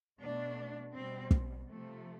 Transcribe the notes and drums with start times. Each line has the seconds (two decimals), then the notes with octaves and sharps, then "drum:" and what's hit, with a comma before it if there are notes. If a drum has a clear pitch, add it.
0.21 B2 A3 D4
0.94 B2 G3 C4
1.31 drum: kick
1.67 C3 F3 A3